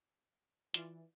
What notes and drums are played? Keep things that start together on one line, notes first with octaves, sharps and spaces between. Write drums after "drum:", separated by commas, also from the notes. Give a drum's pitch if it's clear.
E3 F4 D5, drum: hi-hat